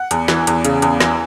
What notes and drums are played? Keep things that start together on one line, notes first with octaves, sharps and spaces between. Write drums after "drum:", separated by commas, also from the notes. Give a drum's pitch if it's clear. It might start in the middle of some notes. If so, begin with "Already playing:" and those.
Already playing: F#5
E2, drum: hi-hat
E3, drum: snare
E2, drum: hi-hat
C#3, drum: hi-hat
E2, drum: hi-hat
E3, drum: snare